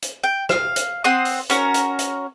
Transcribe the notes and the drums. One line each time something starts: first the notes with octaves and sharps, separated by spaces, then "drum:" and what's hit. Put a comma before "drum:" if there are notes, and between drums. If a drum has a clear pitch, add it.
drum: hi-hat
G5
F5, drum: rim click
drum: hi-hat
C4 F#5 C6 D#6
drum: open hi-hat
C#4 F#4 A#4, drum: hi-hat
drum: hi-hat
drum: hi-hat